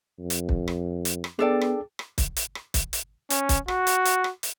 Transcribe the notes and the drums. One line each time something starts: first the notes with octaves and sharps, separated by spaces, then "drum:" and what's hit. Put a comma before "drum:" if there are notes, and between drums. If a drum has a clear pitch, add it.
F2
drum: hi-hat
drum: kick
drum: rim click
drum: hi-hat
drum: rim click
B3 D4 G#4 A4 D5 G5
drum: rim click
drum: rim click
drum: kick, hi-hat
drum: hi-hat
drum: rim click
drum: kick, hi-hat
drum: hi-hat
C#4, drum: hi-hat
drum: kick, hi-hat
F#4, drum: rim click
drum: hi-hat
drum: hi-hat
drum: rim click
drum: hi-hat